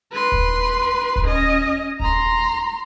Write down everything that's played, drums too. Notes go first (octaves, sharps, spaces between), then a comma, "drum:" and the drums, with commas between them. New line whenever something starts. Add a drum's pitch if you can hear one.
B4 C6
drum: kick D#1
drum: kick D#1
C#4 D#5
A#5 C6, drum: kick D#1